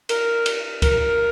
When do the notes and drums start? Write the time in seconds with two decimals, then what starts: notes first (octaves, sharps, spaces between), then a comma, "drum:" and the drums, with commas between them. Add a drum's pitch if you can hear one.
0.09 A#4, drum: cymbal
0.46 drum: cymbal
0.82 A#4, drum: kick C#2, cymbal